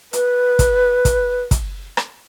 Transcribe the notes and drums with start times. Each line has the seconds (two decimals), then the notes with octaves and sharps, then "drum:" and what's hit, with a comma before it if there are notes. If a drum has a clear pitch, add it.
0.13 B4, drum: hi-hat
0.59 drum: kick, hi-hat
1.05 drum: kick, hi-hat
1.51 drum: kick, hi-hat
1.97 drum: rim click